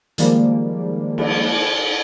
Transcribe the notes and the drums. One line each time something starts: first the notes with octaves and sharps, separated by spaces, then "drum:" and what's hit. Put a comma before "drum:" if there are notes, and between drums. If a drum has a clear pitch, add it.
D#3 F3 G3 G#3 A#3, drum: hi-hat
drum: cymbal